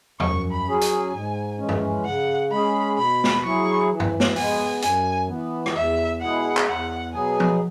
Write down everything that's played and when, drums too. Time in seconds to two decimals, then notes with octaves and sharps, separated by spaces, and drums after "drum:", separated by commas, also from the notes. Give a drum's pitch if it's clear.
0.20 F#2 C#6, drum: tom
0.52 B5
0.67 F#3 C#4 G#4
0.81 G#5, drum: hi-hat
1.13 G#2
1.58 E3 G#3 C#4
1.69 drum: tom G2
2.05 C#3 F#5
2.51 G#3 C#4 G#4 B5
2.97 B2 B5
3.24 drum: snare
3.44 F#3 E4 G#4 C#6
3.90 E3
4.00 drum: tom G2
4.20 drum: snare
4.36 G#3 B3 G#5, drum: open hi-hat
4.82 F#2 G#5, drum: hi-hat
5.28 E3 B3
5.66 drum: rim click
5.75 E2 E5
6.21 B2 G#3 E4 G#4 F#5
6.57 drum: clap
6.67 E2 F#5
7.14 B2 F#3 B3 G#4 G#5
7.40 drum: tom F3